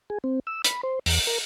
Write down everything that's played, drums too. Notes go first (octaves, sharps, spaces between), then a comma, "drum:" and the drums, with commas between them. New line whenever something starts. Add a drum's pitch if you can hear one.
G#4
C4
E6
B5, drum: hi-hat
C5
E2, drum: open hi-hat
A#4